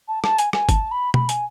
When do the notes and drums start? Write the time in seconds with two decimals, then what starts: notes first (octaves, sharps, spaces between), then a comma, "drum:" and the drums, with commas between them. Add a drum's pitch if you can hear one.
0.08 A5
0.24 A5, drum: rim click
0.38 G#5, drum: hi-hat
0.53 G#5, drum: rim click
0.69 A5, drum: kick, hi-hat
0.91 B5
1.14 B5, drum: tom B2
1.29 G#5, drum: hi-hat